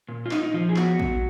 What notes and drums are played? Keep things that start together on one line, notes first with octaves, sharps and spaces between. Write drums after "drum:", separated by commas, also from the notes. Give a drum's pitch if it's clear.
A#2
F4
A#2 D#4, drum: clap
D#4
F3 F4
G#4
B3 F#4, drum: clap
F#3, drum: kick